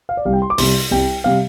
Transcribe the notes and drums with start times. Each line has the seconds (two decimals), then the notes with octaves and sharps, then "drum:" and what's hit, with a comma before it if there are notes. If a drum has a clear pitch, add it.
0.09 F5
0.17 D5
0.25 C2 C3 G3 F5
0.33 G5
0.42 C6
0.50 D6
0.58 C2 C3 G3 C6, drum: open hi-hat
0.91 C2 C3 G3 G5
1.24 C3 G3 F5